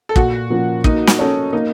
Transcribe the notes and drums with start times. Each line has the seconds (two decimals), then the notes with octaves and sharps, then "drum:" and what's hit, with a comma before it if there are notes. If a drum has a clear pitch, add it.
0.09 A4
0.16 A#2 F#4, drum: kick
0.50 F3 A#3 C#4 F4
0.84 A#3 D#4, drum: kick
1.07 drum: snare
1.19 C#4 A4 C#5
1.53 A#3 D#4